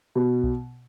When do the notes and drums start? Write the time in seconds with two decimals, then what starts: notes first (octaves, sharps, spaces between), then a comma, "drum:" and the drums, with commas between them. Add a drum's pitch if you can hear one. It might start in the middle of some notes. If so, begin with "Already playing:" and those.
0.15 B2
0.44 drum: kick B1